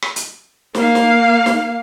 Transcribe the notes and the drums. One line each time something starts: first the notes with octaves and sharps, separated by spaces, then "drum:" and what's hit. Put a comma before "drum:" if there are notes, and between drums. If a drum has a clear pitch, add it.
drum: rim click
drum: hi-hat
A#3 F5, drum: snare
drum: snare
drum: snare